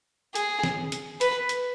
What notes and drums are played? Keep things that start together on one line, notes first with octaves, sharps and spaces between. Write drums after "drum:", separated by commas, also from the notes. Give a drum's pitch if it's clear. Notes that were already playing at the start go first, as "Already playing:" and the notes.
G#4, drum: hi-hat
drum: snare
drum: hi-hat
B4, drum: hi-hat
drum: hi-hat